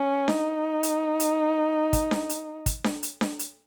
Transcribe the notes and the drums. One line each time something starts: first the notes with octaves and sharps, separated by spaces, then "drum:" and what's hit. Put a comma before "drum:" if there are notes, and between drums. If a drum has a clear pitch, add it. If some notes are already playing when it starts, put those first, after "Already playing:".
Already playing: C#4
D#4, drum: snare D4
drum: hi-hat
drum: hi-hat
drum: kick, hi-hat
drum: snare D4
drum: hi-hat
drum: kick, hi-hat
drum: snare D4
drum: hi-hat
drum: snare D4
drum: hi-hat